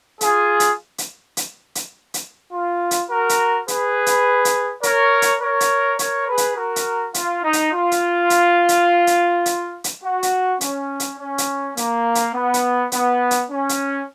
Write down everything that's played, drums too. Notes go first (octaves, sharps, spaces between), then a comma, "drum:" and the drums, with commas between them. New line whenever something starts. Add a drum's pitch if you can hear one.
F4 G#4, drum: hi-hat
drum: hi-hat
drum: hi-hat
drum: hi-hat
drum: hi-hat
drum: hi-hat
F4
drum: hi-hat
F#4 A#4
drum: hi-hat
G#4 B4, drum: hi-hat
drum: hi-hat
drum: hi-hat
A#4 C#5, drum: hi-hat
drum: hi-hat
A#4 C#5
drum: hi-hat
A#4 C#5, drum: hi-hat
G#4 B4
drum: hi-hat
F#4 A#4
drum: hi-hat
F4, drum: hi-hat
D#4
drum: hi-hat
F4
drum: hi-hat
drum: hi-hat
drum: hi-hat
drum: hi-hat
drum: hi-hat
drum: hi-hat
F#4
drum: hi-hat
C#4, drum: hi-hat
drum: hi-hat
C#4
drum: hi-hat
A#3, drum: hi-hat
drum: hi-hat
B3
drum: hi-hat
B3, drum: hi-hat
drum: hi-hat
C#4
drum: hi-hat